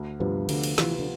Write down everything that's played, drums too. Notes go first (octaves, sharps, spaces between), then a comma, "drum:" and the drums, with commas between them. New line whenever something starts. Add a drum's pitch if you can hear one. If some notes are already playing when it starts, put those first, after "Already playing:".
Already playing: D2
G2 C3 F3 B3 F4
D2 D3, drum: cymbal
drum: cymbal
C3 E3 F3 B3 F4, drum: snare
D3